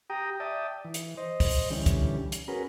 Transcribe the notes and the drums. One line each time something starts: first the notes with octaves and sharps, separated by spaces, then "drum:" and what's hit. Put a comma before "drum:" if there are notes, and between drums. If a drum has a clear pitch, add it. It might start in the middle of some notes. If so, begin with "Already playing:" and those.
G4 G5 A#5 D#6
D5 E5 G5 A5 D#6
E3
drum: hi-hat
C5 D#5
drum: kick, open hi-hat
D3 E3 G3 C#4
drum: kick, hi-hat
drum: hi-hat
C#4 F#4 G#4 A#4 B4